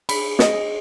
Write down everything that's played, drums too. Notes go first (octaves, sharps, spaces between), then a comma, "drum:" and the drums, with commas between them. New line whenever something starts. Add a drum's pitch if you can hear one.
G#4 B5, drum: cymbal
D#5, drum: snare